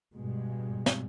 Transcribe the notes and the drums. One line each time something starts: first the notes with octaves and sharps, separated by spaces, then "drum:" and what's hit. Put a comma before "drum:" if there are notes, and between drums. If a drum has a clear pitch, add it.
G2 B2 G#3
drum: snare